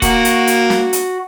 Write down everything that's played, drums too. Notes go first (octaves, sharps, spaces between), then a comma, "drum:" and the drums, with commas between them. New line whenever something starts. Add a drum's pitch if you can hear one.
A#3 F#4, drum: kick D#1, hi-hat
drum: hi-hat
drum: hi-hat
drum: snare
drum: hi-hat